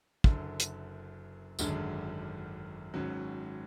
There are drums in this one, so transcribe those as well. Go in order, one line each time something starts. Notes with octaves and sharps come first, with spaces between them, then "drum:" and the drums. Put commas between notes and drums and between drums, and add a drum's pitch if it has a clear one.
F#1 F#2 D3, drum: kick
drum: hi-hat
G#1 F#2 D3 G#3 D4, drum: tambourine
G#1 G#2 F#3 C#4